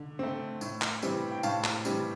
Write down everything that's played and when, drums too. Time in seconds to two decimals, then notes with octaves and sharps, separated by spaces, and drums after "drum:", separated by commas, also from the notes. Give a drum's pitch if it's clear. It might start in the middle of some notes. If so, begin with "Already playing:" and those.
Already playing: D3
0.19 A3 C4
0.61 A2, drum: tambourine
0.82 drum: clap
1.02 E3 G3 C4, drum: tambourine
1.31 G5
1.43 A2 F5 A5, drum: tambourine
1.64 drum: clap
1.85 E3 G3 C4, drum: tambourine